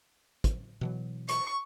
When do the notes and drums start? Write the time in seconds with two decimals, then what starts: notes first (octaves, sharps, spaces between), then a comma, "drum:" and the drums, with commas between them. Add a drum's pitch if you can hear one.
0.44 drum: kick, hi-hat
0.81 B2 E3 F#3
1.29 C#6, drum: hi-hat